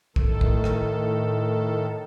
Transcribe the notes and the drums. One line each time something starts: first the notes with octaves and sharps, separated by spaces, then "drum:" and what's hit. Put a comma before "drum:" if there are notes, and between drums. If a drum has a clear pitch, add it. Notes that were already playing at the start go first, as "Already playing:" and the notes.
A2 D#3 A4, drum: kick
drum: kick
drum: rim click